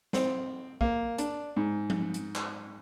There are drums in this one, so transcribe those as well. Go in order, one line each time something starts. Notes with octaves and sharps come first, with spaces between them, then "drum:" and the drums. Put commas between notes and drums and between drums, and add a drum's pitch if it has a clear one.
C4, drum: snare
A#3, drum: kick
D4, drum: hi-hat
G#2
drum: tom F3
drum: hi-hat
drum: clap